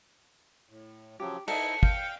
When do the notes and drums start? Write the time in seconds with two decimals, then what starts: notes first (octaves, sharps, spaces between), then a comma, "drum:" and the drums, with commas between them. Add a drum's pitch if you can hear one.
0.70 A2
1.20 C#3 F3 F#3 G4
1.48 D#4 E4 A4 C#7, drum: cymbal
1.83 F5 G5, drum: kick